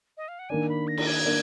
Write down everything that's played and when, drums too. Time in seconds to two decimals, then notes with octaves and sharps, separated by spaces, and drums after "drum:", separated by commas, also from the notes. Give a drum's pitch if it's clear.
0.17 D#5
0.28 F5
0.39 F#5
0.49 D#3 A#3 D4 G#5
0.69 B5
0.88 A#6
0.98 drum: cymbal
1.07 G#6
1.26 A#3 D4